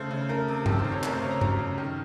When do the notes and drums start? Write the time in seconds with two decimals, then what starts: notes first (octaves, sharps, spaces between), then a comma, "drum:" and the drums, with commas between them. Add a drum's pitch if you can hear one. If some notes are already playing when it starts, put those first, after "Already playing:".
Already playing: C#3 A3 C4 C5
0.11 C#3
0.29 A3 A#4
0.48 C3
0.66 D#3 A4, drum: tom G2
0.79 C5
0.84 C3
0.92 C#5
1.03 A3 A#4, drum: clap
1.13 C5
1.23 C#3 C#5
1.31 A#5
1.41 F#3, drum: tom G2
1.59 C#3
1.78 D#3